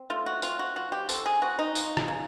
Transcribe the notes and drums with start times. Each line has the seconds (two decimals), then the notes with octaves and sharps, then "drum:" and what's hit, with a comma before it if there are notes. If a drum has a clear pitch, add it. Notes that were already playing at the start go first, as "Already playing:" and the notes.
Already playing: C4
0.10 A3 F4
0.26 F#4
0.42 C4 F4, drum: tambourine
0.59 F#4
0.76 F3 F#4
0.92 G4
1.09 C4 A4, drum: tambourine
1.26 G#4
1.42 C4 F#4
1.59 D#4
1.75 F3, drum: tambourine
1.97 drum: rim click
2.08 C#3